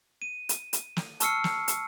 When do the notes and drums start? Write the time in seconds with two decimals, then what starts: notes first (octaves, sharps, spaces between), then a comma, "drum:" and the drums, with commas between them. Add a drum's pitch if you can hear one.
0.22 D#7
0.49 drum: hi-hat
0.73 drum: hi-hat
0.97 drum: snare
1.20 A5 C#6 E6 F6 C7 C#7, drum: hi-hat
1.44 drum: snare
1.68 drum: hi-hat